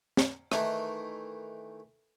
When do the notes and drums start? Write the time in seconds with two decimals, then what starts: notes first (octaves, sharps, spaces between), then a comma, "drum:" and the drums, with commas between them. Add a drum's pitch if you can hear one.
0.17 drum: snare
0.52 D#3 E3 A3, drum: rim click